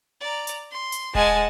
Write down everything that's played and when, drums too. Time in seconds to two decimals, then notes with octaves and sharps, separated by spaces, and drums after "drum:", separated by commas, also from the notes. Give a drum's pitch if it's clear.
0.21 D5 A#5
0.47 drum: hi-hat
0.71 C6
0.92 drum: hi-hat
1.15 G#3 F#5 G#5 A5, drum: kick D#1